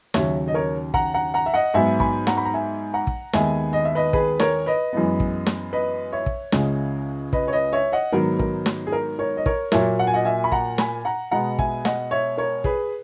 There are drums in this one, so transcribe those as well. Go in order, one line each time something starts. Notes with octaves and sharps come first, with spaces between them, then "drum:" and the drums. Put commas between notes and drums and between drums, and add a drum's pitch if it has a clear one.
D#2 C#3 F#3 C#5 E5, drum: snare
D#5
A#4 C#5
F#5 A#5, drum: kick
F#5 A#5
F#5 A#5
E5
D#5 F#5
G#2 F#3 B3 E5 G#5
G#5 B5, drum: kick
F#5 A#5, drum: snare
B5
A#5
E5 G#5
F#5 A#5
drum: kick
D#2 D#3 G#3 B3 E5 G#5, drum: snare
D#5
E5
B4 D#5
G#4 B4, drum: kick
A#4 C#5, drum: snare
B4 D#5
F#2 E3 G#3 B3
drum: kick
drum: snare
B4 D#5
C#5 E5
drum: kick
C#2 C#3 G#3, drum: snare
B4 D#5, drum: kick
C#5
B4 D#5
C#5 E5
D#5 F#5
G#2 D#3 F#3 B3 A#4
A#4, drum: kick
drum: snare
G#4
A#4
A#4 C#5
D#5
A#4 C#5, drum: kick
A#2 F#3 A#3 C#5 E5, drum: snare
F#5
G#5
D#5 F#5
E5 G#5
B5
F#5 A#5, drum: kick
G#5 B5, drum: snare
F#5 A#5
B2 G#3 B3 F#5 A#5
E5 G#5, drum: kick
D#5 F#5, drum: snare
C#5 E5
A#4 C#5
G#4 B4, drum: kick